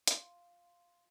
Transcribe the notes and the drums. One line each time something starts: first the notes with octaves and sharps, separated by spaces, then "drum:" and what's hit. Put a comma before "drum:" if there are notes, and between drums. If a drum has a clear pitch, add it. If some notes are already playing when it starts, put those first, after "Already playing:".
F4, drum: hi-hat